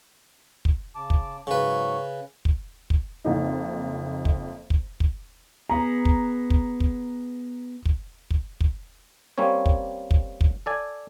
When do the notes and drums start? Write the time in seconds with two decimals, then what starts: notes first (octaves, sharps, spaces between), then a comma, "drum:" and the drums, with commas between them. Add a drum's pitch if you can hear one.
0.65 drum: kick
0.95 C#3 A5 D6
1.10 drum: kick
1.47 G#2 C#3 F#3 B4 C#6
2.45 drum: kick
2.90 drum: kick
3.25 F#1 F2 D#4
4.25 drum: kick
4.70 drum: kick
5.00 drum: kick
5.70 B3 G#4 A#5
6.05 drum: kick
6.50 drum: kick
6.80 drum: kick
7.85 drum: kick
8.31 drum: kick
8.61 drum: kick
9.38 G3 A#3 C4 C#4 C#5
9.66 drum: kick
10.11 drum: kick
10.41 drum: kick
10.66 A4 D5 G#5